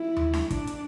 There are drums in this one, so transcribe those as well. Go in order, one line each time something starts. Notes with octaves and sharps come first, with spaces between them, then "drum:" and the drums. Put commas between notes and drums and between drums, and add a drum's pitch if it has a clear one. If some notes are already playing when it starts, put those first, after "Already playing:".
Already playing: E4
drum: tom D#2
drum: snare D4
D4, drum: kick, hi-hat
drum: hi-hat